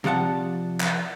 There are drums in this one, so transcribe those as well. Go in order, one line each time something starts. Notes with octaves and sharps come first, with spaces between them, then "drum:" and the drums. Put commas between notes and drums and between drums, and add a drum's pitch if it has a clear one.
C3 F3 D5 F#5 A5
drum: clap